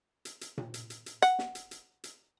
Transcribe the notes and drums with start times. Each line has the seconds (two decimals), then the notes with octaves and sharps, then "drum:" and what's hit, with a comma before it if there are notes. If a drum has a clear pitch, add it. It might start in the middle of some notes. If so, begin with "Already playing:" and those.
0.25 drum: hi-hat
0.41 drum: hi-hat
0.58 drum: tom A#2
0.74 drum: hi-hat
0.90 drum: hi-hat
1.06 drum: hi-hat
1.22 F#5, drum: hi-hat
1.39 drum: snare
1.55 drum: hi-hat
1.71 drum: hi-hat
2.04 drum: hi-hat